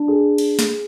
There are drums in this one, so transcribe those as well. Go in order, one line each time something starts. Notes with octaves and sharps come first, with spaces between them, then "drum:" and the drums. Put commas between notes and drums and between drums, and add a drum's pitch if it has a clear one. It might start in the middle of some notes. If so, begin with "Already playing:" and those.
Already playing: D4
G#4
drum: cymbal
drum: snare